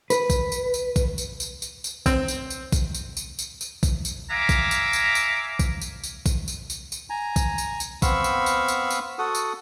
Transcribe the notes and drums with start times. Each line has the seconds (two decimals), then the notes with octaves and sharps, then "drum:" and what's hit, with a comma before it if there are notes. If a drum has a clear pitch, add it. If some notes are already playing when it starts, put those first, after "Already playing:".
0.10 B4, drum: tambourine
0.30 drum: kick A#1, tambourine
0.52 drum: tambourine
0.74 drum: tambourine
0.96 drum: kick A#1, tambourine
1.18 drum: tambourine
1.40 drum: tambourine
1.62 drum: tambourine
1.84 drum: tambourine
2.06 C4, drum: kick A#1, tambourine
2.28 drum: tambourine
2.50 drum: tambourine
2.72 drum: kick A#1, tambourine
2.95 drum: tambourine
3.17 drum: tambourine
3.39 drum: tambourine
3.61 drum: tambourine
3.83 drum: kick A#1, tambourine
4.05 drum: tambourine
4.31 E5 F5 G#5 A#5 D6
4.49 drum: kick A#1, tambourine
4.71 drum: tambourine
4.93 drum: tambourine
5.15 drum: tambourine
5.59 drum: kick A#1, tambourine
5.81 drum: tambourine
6.04 drum: tambourine
6.26 drum: kick A#1, tambourine
6.48 drum: tambourine
6.70 drum: tambourine
6.92 drum: tambourine
7.10 G#5 A#5
7.36 drum: kick A#1, tambourine
7.58 drum: tambourine
7.80 drum: tambourine
8.02 B3 C4 F5 B5 C#6 E6, drum: kick A#1, tambourine
8.24 drum: tambourine
8.46 drum: tambourine
8.68 drum: tambourine
8.91 drum: tambourine
9.18 F#4 A4 F#5 D#6
9.35 drum: tambourine